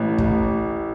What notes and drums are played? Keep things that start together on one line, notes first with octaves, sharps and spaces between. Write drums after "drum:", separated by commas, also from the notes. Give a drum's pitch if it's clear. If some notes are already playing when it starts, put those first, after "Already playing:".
Already playing: A1 E3
A1, drum: kick